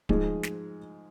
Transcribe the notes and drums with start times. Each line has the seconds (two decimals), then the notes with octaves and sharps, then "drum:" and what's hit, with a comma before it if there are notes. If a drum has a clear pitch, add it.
0.09 G#2 F3 G#3, drum: kick D1
0.43 drum: snare